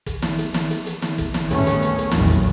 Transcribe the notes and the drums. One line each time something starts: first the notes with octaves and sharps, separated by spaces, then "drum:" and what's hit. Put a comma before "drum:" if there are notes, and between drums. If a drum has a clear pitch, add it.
drum: kick, hi-hat
drum: snare
drum: hi-hat
drum: snare
drum: hi-hat
drum: hi-hat
drum: snare
drum: kick, hi-hat
drum: snare
D2 G2 D#3 A3 B3 C#4, drum: hi-hat
drum: hi-hat
drum: hi-hat
drum: hi-hat
F1 A#1 E2 D#3 F#3, drum: snare
drum: hi-hat